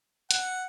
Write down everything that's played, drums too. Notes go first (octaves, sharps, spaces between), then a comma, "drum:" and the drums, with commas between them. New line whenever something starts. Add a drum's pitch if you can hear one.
F#5, drum: hi-hat